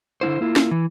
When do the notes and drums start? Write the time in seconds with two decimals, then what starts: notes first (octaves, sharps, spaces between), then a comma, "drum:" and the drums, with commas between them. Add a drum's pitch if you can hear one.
0.21 D3 B3 E4 C5
0.41 A#3 E4 F4
0.56 drum: snare
0.71 E3